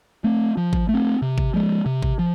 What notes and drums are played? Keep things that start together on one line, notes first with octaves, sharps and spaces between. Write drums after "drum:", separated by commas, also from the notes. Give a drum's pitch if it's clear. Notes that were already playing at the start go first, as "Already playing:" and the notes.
A3 C4
F3
drum: kick G#1
A3
C4
C3
drum: kick G#1
F3 G#3
C3
drum: kick G#1
F3